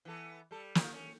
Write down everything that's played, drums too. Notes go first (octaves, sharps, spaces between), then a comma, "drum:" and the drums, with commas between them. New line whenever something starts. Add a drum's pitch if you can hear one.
E3 B3 A4
G3 A4
A#2 D#3, drum: snare
C#4